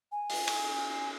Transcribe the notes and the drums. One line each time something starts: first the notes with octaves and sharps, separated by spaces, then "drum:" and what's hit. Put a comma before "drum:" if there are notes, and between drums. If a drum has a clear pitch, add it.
G#5
drum: open hi-hat
drum: cymbal